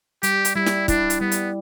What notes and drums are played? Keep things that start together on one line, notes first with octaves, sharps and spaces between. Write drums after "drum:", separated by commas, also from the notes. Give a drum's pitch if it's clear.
G3 G4, drum: hi-hat
drum: hi-hat
G3 E4
drum: snare
D4 E4, drum: kick, hi-hat
drum: hi-hat
G3 B3
drum: hi-hat